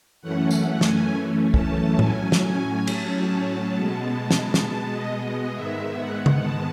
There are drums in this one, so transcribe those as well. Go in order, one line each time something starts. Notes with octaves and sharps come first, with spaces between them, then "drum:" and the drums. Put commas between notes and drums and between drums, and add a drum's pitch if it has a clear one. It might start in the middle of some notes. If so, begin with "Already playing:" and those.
F#2 E3 A3 C#4 F#5
F#5, drum: tambourine
G#5, drum: snare
A5, drum: kick
A2 F#3 C#4 G#5, drum: tom A2
drum: snare
G#5
A5, drum: cymbal
B2 G#3 B3
drum: snare
drum: snare
A5
D#5
D#5
G#2 D#3 G#3 B3 E5
F#5
drum: tom C#3
A5